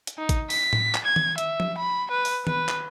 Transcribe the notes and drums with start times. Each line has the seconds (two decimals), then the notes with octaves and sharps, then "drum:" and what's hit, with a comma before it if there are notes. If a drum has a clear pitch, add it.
0.07 drum: hi-hat
0.18 D#4
0.29 drum: kick A1, hi-hat
0.50 B6, drum: open hi-hat
0.73 drum: tom A2
0.94 drum: clap
1.05 G#6
1.16 drum: tom D#3
1.38 E5, drum: hi-hat
1.60 drum: tom F3
1.78 B5
2.11 B4
2.25 drum: open hi-hat
2.47 B4, drum: tom D#3
2.69 drum: clap